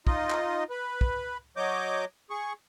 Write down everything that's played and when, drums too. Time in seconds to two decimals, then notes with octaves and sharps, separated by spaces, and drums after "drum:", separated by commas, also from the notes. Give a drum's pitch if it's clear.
0.07 D#4 F4 D#5, drum: kick
0.30 drum: clap
0.70 B4
1.01 drum: kick
1.57 F#3 C#5 D#5 D6 G6
2.30 G#4 C#6